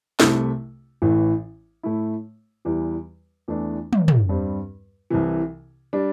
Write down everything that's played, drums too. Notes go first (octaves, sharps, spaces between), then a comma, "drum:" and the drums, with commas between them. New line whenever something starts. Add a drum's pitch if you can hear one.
C2 C3 A3 E4, drum: snare
A1 A2 E3
A2 A3 E4
E2 E3 G3
E2 E3 A3 D4
drum: tom
drum: tom
G2 G3 C4
C2 C3 E3
G3 D4